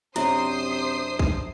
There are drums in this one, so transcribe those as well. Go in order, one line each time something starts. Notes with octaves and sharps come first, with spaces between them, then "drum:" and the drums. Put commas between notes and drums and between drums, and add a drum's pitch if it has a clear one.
F#2 C3 D4 E4 C5 D#6 C7, drum: hi-hat
drum: kick